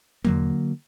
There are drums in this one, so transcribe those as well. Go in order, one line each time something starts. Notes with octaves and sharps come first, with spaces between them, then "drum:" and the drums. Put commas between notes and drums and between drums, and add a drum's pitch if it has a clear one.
D3 F#3 A#3, drum: tom E2